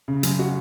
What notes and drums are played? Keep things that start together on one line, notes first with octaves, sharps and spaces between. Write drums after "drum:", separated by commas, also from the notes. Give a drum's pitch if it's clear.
C#3
F#2, drum: hi-hat
F#4